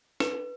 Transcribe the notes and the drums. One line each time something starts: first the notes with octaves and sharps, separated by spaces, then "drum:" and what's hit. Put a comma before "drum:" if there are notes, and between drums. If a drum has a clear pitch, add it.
B4, drum: snare